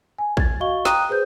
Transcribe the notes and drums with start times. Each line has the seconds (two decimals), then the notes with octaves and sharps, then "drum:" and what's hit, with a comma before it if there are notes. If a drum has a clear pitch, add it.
0.18 G#5
0.37 G#6 A6, drum: kick
0.60 F#4 D#5 F5 C#6 G7
0.85 G5 A#5 D#6 F#6 D#7, drum: snare
1.10 G#4 B4 C5 G6